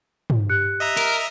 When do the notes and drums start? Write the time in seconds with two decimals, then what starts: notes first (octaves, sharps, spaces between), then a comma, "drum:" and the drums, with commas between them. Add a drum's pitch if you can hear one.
0.30 drum: tom
0.49 G4 F#6 C#7
0.80 D#5 E5 A#5
0.97 A#4, drum: cymbal